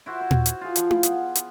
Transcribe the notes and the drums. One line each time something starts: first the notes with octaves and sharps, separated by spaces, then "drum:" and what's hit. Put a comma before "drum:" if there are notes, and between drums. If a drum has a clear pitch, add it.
E4 F#4 C5
C5
drum: tom A#2
drum: hi-hat
F4 G#4
F3, drum: hi-hat
drum: tom E4
B3, drum: hi-hat
drum: hi-hat